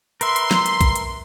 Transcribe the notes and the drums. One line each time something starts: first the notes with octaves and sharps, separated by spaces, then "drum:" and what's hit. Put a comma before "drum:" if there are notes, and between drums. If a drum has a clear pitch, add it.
A#4 B4 E5 C6, drum: hi-hat
drum: hi-hat
drum: snare
drum: hi-hat
drum: kick A#1, hi-hat
drum: hi-hat